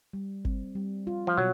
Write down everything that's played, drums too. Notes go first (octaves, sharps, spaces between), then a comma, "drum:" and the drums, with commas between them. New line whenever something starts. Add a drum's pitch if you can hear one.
G3
C4, drum: kick G1
G3
F4
F3
B2 F#3